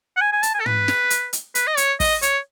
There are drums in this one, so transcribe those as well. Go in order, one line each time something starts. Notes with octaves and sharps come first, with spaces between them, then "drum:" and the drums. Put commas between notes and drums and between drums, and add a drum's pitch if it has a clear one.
F#5
G#5
G#5
A5, drum: hi-hat
G#5
A4
B4, drum: tom
drum: snare
drum: hi-hat
drum: hi-hat
B4, drum: hi-hat
D#5
C#5, drum: hi-hat
D#5, drum: kick, open hi-hat
C#5, drum: hi-hat